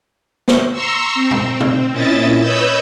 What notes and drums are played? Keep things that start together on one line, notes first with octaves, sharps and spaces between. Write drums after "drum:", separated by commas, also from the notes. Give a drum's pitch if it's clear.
drum: snare
A#5 C6 C#6 E6
C4
drum: tom A#2
drum: tom B2
A#2 C#4 E4 D#5 E5 A6
B4 C#5 D#5 B5 E6 G6